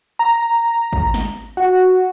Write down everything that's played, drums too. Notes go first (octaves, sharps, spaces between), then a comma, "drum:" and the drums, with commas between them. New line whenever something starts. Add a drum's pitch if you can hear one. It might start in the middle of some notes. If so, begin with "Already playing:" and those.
A#5
drum: kick G#1
drum: snare
F#4